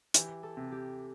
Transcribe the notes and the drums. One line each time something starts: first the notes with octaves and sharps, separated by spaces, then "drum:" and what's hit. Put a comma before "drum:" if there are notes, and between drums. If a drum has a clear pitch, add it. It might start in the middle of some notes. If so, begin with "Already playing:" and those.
E3 G4, drum: hi-hat
A4
C3
G4